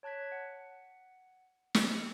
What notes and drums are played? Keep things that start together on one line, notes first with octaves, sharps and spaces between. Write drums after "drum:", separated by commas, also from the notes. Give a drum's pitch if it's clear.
C#5 A5 F#6 G#6 B6
F#5
drum: snare